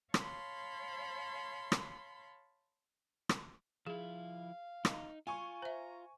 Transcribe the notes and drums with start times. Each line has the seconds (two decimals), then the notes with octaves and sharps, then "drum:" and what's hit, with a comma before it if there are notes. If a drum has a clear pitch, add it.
0.14 C#5 F5 A5 B5 C6, drum: rim click
1.72 drum: rim click
3.29 drum: rim click
3.87 F3 E4 G#4 F5
4.85 D#4, drum: rim click
5.27 F4 G#5 C#6
5.62 C5 E5 A#5